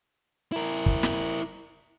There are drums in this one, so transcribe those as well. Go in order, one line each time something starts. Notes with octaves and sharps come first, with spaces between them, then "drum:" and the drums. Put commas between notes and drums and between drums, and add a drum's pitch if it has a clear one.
E4 A#4
drum: kick
drum: snare